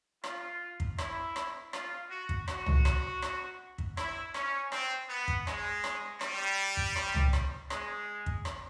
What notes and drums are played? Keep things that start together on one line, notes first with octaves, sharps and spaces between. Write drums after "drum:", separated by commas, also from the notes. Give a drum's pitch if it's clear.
F4, drum: rim click
drum: kick
E4, drum: rim click
drum: rim click
F4, drum: rim click
F#4
drum: kick
F#4, drum: rim click
drum: tom C2
drum: rim click
drum: rim click
drum: kick
E4, drum: rim click
C#4, drum: rim click
C4, drum: rim click
B3
drum: kick
G#3, drum: rim click
drum: rim click
G3, drum: rim click
drum: kick
drum: rim click
drum: tom C2
drum: rim click
G#3, drum: rim click
drum: kick
drum: rim click